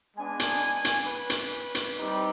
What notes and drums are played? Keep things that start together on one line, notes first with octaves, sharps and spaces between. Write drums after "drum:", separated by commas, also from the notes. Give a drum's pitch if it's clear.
G#3 B3 D4 G#5
drum: hi-hat
drum: hi-hat
B4
drum: hi-hat
drum: hi-hat
G3 C4 D#4 G4